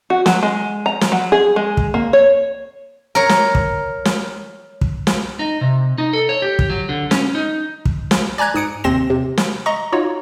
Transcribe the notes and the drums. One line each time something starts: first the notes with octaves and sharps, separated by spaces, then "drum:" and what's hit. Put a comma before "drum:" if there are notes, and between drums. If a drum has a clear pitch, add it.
F#4
F#3, drum: snare
G#3
A#5
drum: snare
F#3
G#4
G#3
drum: kick
A#3
C#5
A#4 C#5
drum: snare
drum: kick
drum: snare
drum: kick
drum: snare
D#4
C3
D#4
A4
C#5
G4
drum: kick
F#3
D3
C#4, drum: snare
D#4
drum: kick
drum: snare
D5 G#5 A#5 F#6 G#6
G#2 D#6 C#7 D7
D#2 C3 C4 C6 A#6 E7
C3
drum: snare
D#5 A#5 C#6
D#4 F4 F#4 C#5